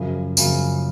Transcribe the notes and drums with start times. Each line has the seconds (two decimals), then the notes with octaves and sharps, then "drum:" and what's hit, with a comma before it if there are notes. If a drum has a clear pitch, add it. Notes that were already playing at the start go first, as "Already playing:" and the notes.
Already playing: F#2 C#3 F3
0.37 F#2 C#3 F3, drum: tambourine